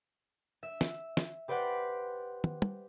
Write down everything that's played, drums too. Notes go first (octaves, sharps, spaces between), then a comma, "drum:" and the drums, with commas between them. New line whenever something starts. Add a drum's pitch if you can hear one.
E5
drum: snare
drum: snare
G4 B4 C5 D5 F#5
drum: tom
drum: tom